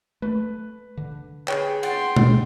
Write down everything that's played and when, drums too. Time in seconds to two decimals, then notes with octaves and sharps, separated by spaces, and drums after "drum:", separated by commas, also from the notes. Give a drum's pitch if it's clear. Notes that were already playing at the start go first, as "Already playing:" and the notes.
0.22 A3 B4
0.97 D3
1.48 G#4 B4 C#5 G5, drum: clap
1.83 F#5 G5 C6 A6, drum: cymbal
2.16 drum: tom B2